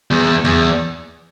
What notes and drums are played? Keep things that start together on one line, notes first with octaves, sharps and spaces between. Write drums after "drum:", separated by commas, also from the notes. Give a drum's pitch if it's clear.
E2
E2, drum: tom E2